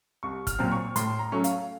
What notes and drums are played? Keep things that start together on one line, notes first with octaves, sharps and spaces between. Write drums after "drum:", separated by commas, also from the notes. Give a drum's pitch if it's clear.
C2 C#6
F6, drum: kick, hi-hat
A#2 F#3 C4
C#6
A2 C6, drum: hi-hat
A#5
F#3 A3 C#4
F5, drum: hi-hat